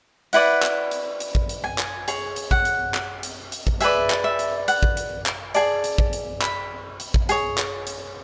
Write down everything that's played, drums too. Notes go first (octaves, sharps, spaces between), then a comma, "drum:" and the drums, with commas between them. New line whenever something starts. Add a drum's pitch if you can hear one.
E4 B4 D5 F#5, drum: hi-hat
drum: clap
drum: hi-hat
drum: hi-hat
drum: kick A1
drum: hi-hat
G#5
drum: clap
G#4 C#5, drum: hi-hat
drum: hi-hat
F#5, drum: kick A1
drum: hi-hat
drum: clap
drum: hi-hat
drum: hi-hat
drum: kick A1
G#4 B4 D5 E5, drum: hi-hat
drum: clap
E5
drum: hi-hat
F#5, drum: hi-hat
drum: kick A1
drum: hi-hat
drum: clap
G#4 D5 A5, drum: hi-hat
drum: hi-hat
drum: kick A1
drum: hi-hat
B5, drum: clap
drum: hi-hat
drum: kick A1
G#4 C#5, drum: hi-hat
drum: clap
drum: hi-hat